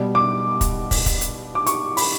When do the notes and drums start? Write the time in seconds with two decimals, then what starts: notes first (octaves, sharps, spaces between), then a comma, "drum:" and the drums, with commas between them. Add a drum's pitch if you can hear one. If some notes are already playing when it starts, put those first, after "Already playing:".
Already playing: B2 G3
0.15 D6
0.61 drum: kick, hi-hat
0.91 drum: kick, open hi-hat
1.06 drum: kick, hi-hat
1.21 drum: hi-hat
1.55 D6
1.66 C#6, drum: hi-hat
1.97 B5, drum: open hi-hat